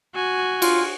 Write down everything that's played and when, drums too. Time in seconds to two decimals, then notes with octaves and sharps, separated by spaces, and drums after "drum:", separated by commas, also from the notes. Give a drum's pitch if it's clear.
0.15 F#4 G#5
0.62 F4, drum: cymbal